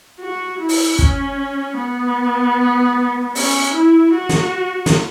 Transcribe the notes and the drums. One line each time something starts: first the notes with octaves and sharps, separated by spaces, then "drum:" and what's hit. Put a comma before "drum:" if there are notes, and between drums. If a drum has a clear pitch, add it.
F#4
E4
drum: open hi-hat
C#4, drum: kick
B3
C#4, drum: open hi-hat
E4
F#4
drum: snare
drum: snare